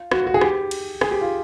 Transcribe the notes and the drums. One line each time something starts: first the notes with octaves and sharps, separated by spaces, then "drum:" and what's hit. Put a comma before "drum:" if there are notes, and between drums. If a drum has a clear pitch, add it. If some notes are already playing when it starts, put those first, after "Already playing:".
Already playing: F4
F#4, drum: rim click
F#4
G#4
G4, drum: rim click
drum: cymbal
G#4, drum: rim click
G4
F4